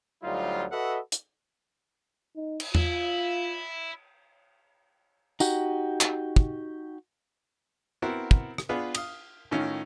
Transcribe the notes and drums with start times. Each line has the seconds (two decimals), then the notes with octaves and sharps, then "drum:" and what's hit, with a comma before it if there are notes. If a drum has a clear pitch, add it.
0.22 D2 F#3 G3 D#4 F4
0.71 F#4 A4 B4 D#5 E5 F#5
1.12 drum: hi-hat
2.36 D#4
2.60 drum: cymbal
2.75 E4 F4, drum: tom E2
5.40 D#4 F#4 G4, drum: tambourine
6.01 drum: clap
6.36 drum: kick
8.02 B3 C4 E4 F#4 A#4
8.31 drum: kick
8.58 drum: rim click
8.69 B3 D4 F4 G#4 B4
8.95 F5 D#6, drum: cymbal
9.51 A2 D#3 C#4 F4